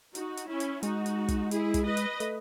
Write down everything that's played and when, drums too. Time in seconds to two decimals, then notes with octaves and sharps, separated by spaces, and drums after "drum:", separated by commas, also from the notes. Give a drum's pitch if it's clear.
0.15 D#4 F#4, drum: hi-hat
0.37 drum: hi-hat
0.48 C#4 E4
0.60 drum: hi-hat
0.83 G#3 D#4 F#4, drum: hi-hat
1.06 drum: hi-hat
1.28 drum: kick, hi-hat
1.51 E4 G#4, drum: hi-hat
1.74 drum: kick, hi-hat
1.85 B4 D#5
1.97 drum: hi-hat
2.20 A3, drum: hi-hat